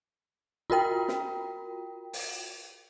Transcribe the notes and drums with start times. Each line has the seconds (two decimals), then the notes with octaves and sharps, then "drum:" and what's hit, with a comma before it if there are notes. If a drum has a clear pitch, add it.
0.70 F4 F#4 A#4 G5
1.08 drum: snare
2.13 drum: open hi-hat